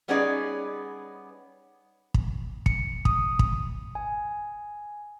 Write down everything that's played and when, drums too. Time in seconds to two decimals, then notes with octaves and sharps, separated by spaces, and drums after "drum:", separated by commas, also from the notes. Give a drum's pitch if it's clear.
0.08 G3 B3 C#4 D#4 G#4 D5
2.14 drum: kick
2.66 C#7, drum: kick
3.05 D#6, drum: kick
3.39 drum: kick
3.95 G#5